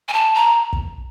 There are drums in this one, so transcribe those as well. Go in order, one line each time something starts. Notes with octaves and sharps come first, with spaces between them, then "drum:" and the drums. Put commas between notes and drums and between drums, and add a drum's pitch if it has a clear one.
G#5
A5
A#5
drum: kick